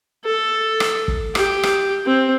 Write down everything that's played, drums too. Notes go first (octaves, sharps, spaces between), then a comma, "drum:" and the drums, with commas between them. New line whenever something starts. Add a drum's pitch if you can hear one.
A4
drum: rim click
drum: kick
G4, drum: rim click
drum: rim click
C4